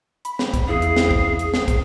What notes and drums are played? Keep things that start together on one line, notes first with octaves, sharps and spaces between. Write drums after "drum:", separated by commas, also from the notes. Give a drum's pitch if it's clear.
B5, drum: hi-hat
drum: snare
drum: kick, hi-hat
E2 E4 G#4 F5
drum: hi-hat
drum: snare
drum: kick
drum: hi-hat
drum: snare
drum: kick, hi-hat